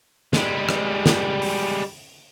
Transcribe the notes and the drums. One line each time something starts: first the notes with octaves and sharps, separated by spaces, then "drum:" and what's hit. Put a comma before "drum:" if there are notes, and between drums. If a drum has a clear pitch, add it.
G3 G#3, drum: snare
drum: rim click
drum: snare
drum: open hi-hat